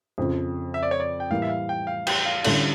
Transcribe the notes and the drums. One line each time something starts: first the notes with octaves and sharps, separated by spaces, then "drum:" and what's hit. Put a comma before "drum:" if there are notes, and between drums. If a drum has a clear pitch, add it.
F2 C#3 F3
E5
D5
C#5
D5
G5
A2 E3 G3 A#3 F5
E5
F5
G5
F5
G5, drum: cymbal
F5
D3 G3 C#4 E4 A4, drum: cymbal